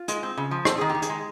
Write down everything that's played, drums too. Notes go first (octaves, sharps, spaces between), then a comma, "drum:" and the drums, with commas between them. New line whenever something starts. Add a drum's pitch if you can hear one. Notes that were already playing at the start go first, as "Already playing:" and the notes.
Already playing: F4
G#3, drum: hi-hat
C4
C#3
F3
C4 A4, drum: rim click
D#3 G#4
G4
D#3
G#4, drum: hi-hat
G#3